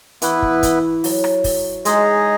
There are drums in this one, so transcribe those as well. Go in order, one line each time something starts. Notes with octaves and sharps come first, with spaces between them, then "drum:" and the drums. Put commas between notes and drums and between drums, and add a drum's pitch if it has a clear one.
E3 B3 E4 B4, drum: hi-hat
drum: kick
drum: kick, hi-hat
F#3, drum: open hi-hat
drum: rim click
drum: kick, open hi-hat
G#3 D#4 G#4 D#5, drum: hi-hat